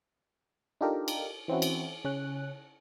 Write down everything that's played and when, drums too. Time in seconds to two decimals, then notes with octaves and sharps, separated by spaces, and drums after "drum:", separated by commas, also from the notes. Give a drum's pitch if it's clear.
0.81 D4 D#4 F4 G4 A4 A#4
1.08 drum: cymbal
1.48 E3 C4 C#4 E4 F#4
1.62 drum: cymbal
2.04 C#3 C#4 F#6